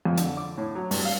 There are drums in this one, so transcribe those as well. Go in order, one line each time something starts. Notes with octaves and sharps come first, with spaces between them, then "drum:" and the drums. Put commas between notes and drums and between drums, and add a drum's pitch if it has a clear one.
F2
D3, drum: hi-hat
D6
A2
F#3
G2, drum: open hi-hat
F5